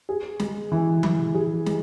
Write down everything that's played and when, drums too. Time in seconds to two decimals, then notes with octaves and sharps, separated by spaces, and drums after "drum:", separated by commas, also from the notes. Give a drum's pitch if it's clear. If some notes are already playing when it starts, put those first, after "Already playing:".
0.09 G#4
0.40 G#3, drum: snare
0.72 E3
1.03 E3, drum: tom F3
1.35 G#4
1.66 G#3, drum: snare